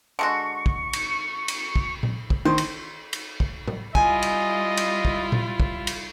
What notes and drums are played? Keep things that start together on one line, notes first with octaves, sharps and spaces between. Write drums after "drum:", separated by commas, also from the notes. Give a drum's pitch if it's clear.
D3 G#3 F#4 C#6
drum: kick
drum: cymbal
drum: cymbal
drum: kick
drum: tom A#2
drum: kick
D#3 C5
drum: cymbal
drum: cymbal
drum: kick
drum: tom A2
G3 E4 F4 D#5 G#5, drum: kick
drum: cymbal
drum: cymbal
drum: kick
drum: tom A#2
drum: kick
drum: cymbal